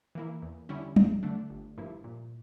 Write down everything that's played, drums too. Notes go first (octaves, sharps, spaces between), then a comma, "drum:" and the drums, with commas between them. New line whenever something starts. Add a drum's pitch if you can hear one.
E3 A#3 E4
E2
D3 G3 C#4 E4
E2, drum: tom F#3
D3 A3 D4
G1
G2 F3 A#3 E4
A#2